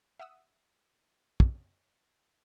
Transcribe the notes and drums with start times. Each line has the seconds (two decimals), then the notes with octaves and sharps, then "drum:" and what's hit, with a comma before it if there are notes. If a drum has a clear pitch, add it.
0.20 E5 F#5 D#6 E6
1.40 drum: kick